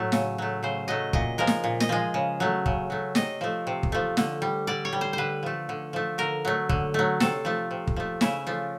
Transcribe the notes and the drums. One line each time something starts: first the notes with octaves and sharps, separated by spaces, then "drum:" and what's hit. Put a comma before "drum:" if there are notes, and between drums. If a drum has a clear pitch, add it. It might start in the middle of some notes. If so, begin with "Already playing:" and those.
Already playing: A2 F#3 A3
C#3, drum: snare
F#3 A3
C#3 C5
F#3 A3 D#5
A#2 D#5, drum: kick
F3 G#3 A#4
drum: snare
A#2
D#5, drum: snare
F3 G#3
C#3
F#3 A3
C#3, drum: kick
F#3 A3
C3 D#5, drum: snare
F3 A3
C3
drum: kick
F3 A3
D3, drum: snare
G3
D3 D5
C#5
G3
C5
D3 B4 C5
F3 A3
D3
F3 A3
D3 A#4
F#3 A3
D3, drum: kick
F#3 A3
C3 A4, drum: snare
F3 A3
C3
drum: kick
F3 A3
C#3 E4, drum: snare
F3 A3